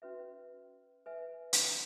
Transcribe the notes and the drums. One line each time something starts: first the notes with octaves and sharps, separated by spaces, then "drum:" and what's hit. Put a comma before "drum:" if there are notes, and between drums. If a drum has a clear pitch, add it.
C#4 F#4 B4 E5
B4 E5 G#5
drum: hi-hat